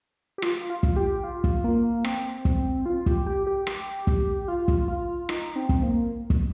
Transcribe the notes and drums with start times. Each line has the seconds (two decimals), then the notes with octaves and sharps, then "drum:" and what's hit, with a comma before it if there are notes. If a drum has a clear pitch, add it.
0.38 G4
0.42 F4, drum: rim click
0.70 F4
0.83 drum: kick
0.96 G4
1.24 F4
1.44 drum: kick
1.64 A#3
2.04 C4, drum: rim click
2.45 drum: kick
2.86 F4
3.06 G4, drum: kick
3.26 G4
3.47 G4
3.67 drum: rim click
4.07 drum: kick
4.48 F4
4.68 drum: kick
4.88 F4
5.29 D#4, drum: rim click
5.56 C4
5.69 drum: kick
5.83 A#3
6.30 drum: kick